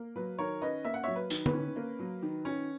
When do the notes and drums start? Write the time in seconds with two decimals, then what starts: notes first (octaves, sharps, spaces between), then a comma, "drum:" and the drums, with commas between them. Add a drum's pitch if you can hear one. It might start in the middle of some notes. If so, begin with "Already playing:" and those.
Already playing: A#3
0.16 F#3 B4
0.39 D#3 A#4 C#5
0.61 C#4 B4 D#5
0.84 A#3 E5
0.94 F#5
1.03 F#3 C#5 E5
1.15 B4
1.30 D#3, drum: tambourine
1.46 B4, drum: tom
1.53 C#4
1.76 A#3
1.99 F#3
2.22 D#3
2.45 C#4